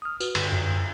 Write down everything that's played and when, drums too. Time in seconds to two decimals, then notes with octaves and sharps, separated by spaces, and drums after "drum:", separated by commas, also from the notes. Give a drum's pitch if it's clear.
0.02 D#6 F6
0.20 F#4 B4, drum: tambourine
0.35 G2 D3, drum: cymbal
0.52 F#2